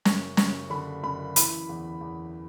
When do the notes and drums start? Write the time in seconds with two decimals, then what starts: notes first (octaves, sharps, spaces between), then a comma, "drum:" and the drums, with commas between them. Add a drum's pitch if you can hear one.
0.05 F#1 C#6, drum: snare
0.37 F#1 C#6, drum: snare
0.70 D3 B5
1.03 F#1 B5
1.36 E3 B5, drum: hi-hat
1.69 E2
2.01 E2